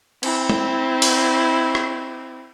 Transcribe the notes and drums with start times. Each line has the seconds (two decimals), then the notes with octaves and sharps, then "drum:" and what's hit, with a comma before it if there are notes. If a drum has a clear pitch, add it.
0.23 C4 E4, drum: cymbal
0.49 drum: tom G#3
1.02 drum: cymbal
1.75 drum: rim click